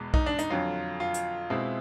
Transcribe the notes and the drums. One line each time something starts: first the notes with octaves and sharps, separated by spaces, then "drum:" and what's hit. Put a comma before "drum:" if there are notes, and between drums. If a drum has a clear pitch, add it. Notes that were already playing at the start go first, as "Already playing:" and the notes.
Already playing: E2 B2 G#3 B3
D#4, drum: kick B1
D4
D#4, drum: hi-hat
F2 D3 F#3 F4
F4
drum: hi-hat
B2 G#3 C4 E4